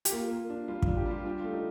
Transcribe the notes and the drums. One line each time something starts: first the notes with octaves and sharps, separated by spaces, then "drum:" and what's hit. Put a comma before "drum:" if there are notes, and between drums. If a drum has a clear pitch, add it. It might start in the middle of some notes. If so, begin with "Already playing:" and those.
G4, drum: hi-hat
A#3 F4
A#3
D4
G3 F4
D4 F4, drum: kick
G4
G3
F4
D4 G4
A3 F4
D#4